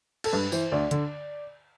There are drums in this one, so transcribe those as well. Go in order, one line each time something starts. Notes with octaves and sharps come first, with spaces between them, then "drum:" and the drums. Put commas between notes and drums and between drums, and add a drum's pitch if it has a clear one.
A4, drum: cymbal
G2 B4
E3 C5, drum: tambourine
D2 D5
D3, drum: hi-hat